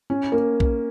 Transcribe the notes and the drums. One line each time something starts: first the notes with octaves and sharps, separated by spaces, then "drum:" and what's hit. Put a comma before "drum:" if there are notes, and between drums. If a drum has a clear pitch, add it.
C#4
A#3
drum: kick